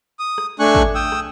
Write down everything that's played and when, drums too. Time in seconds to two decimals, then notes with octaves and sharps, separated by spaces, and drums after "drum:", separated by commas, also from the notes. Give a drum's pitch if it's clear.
0.19 D#6
0.38 drum: rim click
0.59 A3 D4 G#5 C#6 F#6
0.75 drum: kick G#1
0.95 G5 D#6 E6
1.12 drum: rim click